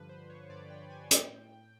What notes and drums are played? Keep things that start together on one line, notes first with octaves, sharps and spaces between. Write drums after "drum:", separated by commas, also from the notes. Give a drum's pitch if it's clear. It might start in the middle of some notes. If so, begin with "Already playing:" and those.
Already playing: G2 D3 F3 B4
C5
C#5
G2 D3 F3 D5
G5
G#5
A2 G5, drum: hi-hat